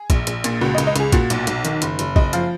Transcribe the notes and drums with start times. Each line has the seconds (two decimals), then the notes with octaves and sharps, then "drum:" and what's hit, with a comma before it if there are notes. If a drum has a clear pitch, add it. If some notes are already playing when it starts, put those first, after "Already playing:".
Already playing: G#4
0.10 A#1, drum: kick A#1, hi-hat
0.27 A#1, drum: hi-hat
0.44 A#2, drum: hi-hat
0.61 C#2 F#4
0.75 D#5
0.78 C#2, drum: hi-hat
0.87 D#5
0.96 C#2 G#4, drum: hi-hat
1.12 A#2 F#4, drum: kick A#1, hi-hat
1.30 B1, drum: hi-hat
1.47 B1, drum: hi-hat
1.65 D#3, drum: hi-hat
1.82 F#1, drum: hi-hat
1.99 F#1, drum: hi-hat
2.16 F#1 D#5, drum: kick A#1
2.33 F3 F5, drum: hi-hat